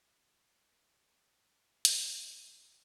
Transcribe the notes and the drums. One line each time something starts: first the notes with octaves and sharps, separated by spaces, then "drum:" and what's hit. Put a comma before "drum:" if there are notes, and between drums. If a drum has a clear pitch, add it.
F2 A#2 F#3 C4 C#4 F4
A#3 C#4 D4 E4 A4 D#5
C2 C#4 F#4 B4 E5 G#5
A#5 C#6 D#6 F6
B4 G#5 D#6 E6, drum: hi-hat
D#5 F5 G5